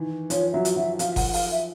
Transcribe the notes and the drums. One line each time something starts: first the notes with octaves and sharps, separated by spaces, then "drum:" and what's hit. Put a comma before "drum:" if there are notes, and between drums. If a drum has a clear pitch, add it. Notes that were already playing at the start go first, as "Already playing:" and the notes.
Already playing: D#3 E3
F3 C#5, drum: hi-hat
F#3 E5
drum: hi-hat
F#3 E5
F3 F5, drum: hi-hat
F#5, drum: kick G1, open hi-hat
F5, drum: open hi-hat
E5